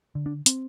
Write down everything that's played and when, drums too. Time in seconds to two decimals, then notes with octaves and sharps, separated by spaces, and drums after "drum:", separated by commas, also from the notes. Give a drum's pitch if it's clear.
0.15 D3
0.26 D4
0.46 C4, drum: hi-hat